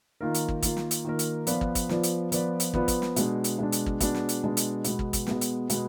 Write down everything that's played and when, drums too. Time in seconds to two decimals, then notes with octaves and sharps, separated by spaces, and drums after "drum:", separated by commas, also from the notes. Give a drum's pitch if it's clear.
0.21 D#3 A#3 F4 A#4
0.34 drum: hi-hat
0.48 drum: kick
0.62 D#3 A#3 F4 A#4, drum: kick, hi-hat
0.77 drum: snare
0.91 drum: hi-hat
1.04 D#3 A#3 F4 A#4
1.19 drum: hi-hat
1.47 F3 B3 F4 B4 D5, drum: hi-hat
1.61 drum: kick
1.75 drum: kick, hi-hat
1.89 F3 B3 F4 B4 D5, drum: snare
2.03 drum: hi-hat
2.32 F3 B3 F4 B4 D5, drum: hi-hat
2.60 drum: hi-hat
2.74 F3 B3 F4 B4 D5, drum: kick
2.88 drum: kick, hi-hat
3.02 drum: snare
3.16 B2 G#3 D4, drum: hi-hat
3.44 drum: hi-hat
3.59 B2 G#3 D4
3.72 drum: hi-hat
3.86 drum: kick
4.00 B2 G#3 D4, drum: kick, hi-hat
4.15 drum: snare
4.29 drum: hi-hat
4.43 B2 G#3 D4
4.57 drum: hi-hat
4.84 B2 G#3 B3, drum: hi-hat
4.99 drum: kick
5.13 drum: kick, hi-hat
5.27 B2 G#3 B3, drum: snare
5.41 drum: hi-hat
5.70 B2 G#3 B3, drum: hi-hat